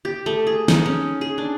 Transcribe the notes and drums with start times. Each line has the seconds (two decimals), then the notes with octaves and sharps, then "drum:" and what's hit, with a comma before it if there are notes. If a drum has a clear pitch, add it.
0.05 G4
0.26 A3
0.47 G#4
0.68 D#4, drum: snare
0.86 C#4
1.21 G#4
1.38 D4